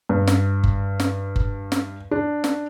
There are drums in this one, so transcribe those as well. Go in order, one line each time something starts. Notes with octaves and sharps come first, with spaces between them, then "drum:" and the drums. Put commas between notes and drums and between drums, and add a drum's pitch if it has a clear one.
G2
drum: snare
drum: kick F#1
drum: snare
drum: kick F#1
drum: snare
D4
drum: snare